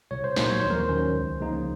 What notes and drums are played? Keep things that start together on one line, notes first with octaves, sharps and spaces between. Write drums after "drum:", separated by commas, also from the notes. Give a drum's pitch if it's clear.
C2 C#5
C5
A#2 F#3 A#3 D#4 C5, drum: snare
C#5
D#2 C5
A#4, drum: tom D#3
C5
D#3 F#3 C#4
C#2
C#3 F3 A#3 D#4